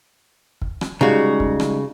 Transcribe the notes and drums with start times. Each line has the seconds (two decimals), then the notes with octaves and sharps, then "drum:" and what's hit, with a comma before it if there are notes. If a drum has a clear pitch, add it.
0.62 drum: kick
0.81 drum: rim click
1.01 C#3 G3 G#3 D#4 F#4
1.40 drum: kick
1.60 drum: rim click